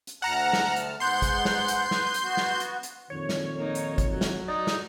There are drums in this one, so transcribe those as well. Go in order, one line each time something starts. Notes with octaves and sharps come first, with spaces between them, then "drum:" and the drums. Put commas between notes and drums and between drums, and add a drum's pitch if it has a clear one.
drum: hi-hat
D2 F#5 A5 A#5 F6
drum: snare
drum: hi-hat
G#2 B3 F#5 C6 G6
drum: kick, hi-hat
drum: snare
drum: hi-hat
B3 B4, drum: snare
drum: hi-hat
B3 F#4
drum: snare
drum: hi-hat
drum: hi-hat
F2 A#2 D#3 C#5
drum: snare
A#3 D#4
drum: hi-hat
drum: kick, hi-hat
F#3
drum: snare
D#4 D5
drum: snare